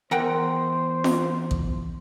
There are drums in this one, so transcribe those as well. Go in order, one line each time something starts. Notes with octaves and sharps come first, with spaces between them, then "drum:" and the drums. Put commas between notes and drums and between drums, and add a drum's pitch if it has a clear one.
E2 A#4 C5 F#5 G5
drum: snare
drum: kick A1